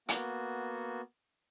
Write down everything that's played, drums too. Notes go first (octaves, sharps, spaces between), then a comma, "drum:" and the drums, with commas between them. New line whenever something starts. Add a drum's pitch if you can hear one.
A#3 B3 F#4, drum: hi-hat